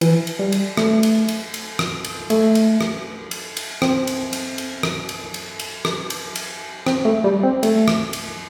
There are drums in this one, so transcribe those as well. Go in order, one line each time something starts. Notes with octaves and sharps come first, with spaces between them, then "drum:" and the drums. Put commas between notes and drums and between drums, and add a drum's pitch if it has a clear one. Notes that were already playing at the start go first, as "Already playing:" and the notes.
E3, drum: cymbal
drum: cymbal
G3
drum: cymbal
A3, drum: rim click
drum: cymbal
drum: cymbal
drum: cymbal
drum: rim click
drum: cymbal
A3, drum: cymbal
drum: cymbal
drum: rim click
drum: cymbal
drum: cymbal
C4, drum: rim click
drum: cymbal
drum: cymbal
drum: cymbal
drum: rim click
drum: cymbal
drum: cymbal
drum: cymbal
drum: rim click
drum: cymbal
drum: cymbal
C4, drum: rim click
A3
G3
C4
A3, drum: cymbal
drum: rim click
drum: cymbal